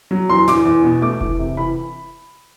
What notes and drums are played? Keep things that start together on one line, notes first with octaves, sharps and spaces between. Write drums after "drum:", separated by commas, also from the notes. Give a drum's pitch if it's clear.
F#3
E2 C6
E2 D6, drum: snare
E2
B2
A3 D6
E3, drum: kick F1
C3
E3 B5